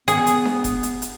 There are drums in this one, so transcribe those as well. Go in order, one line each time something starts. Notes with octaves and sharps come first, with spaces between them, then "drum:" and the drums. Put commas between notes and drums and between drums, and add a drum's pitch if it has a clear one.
B3 G#4, drum: hi-hat
drum: hi-hat
drum: snare D4
drum: kick F1, hi-hat
drum: hi-hat
drum: hi-hat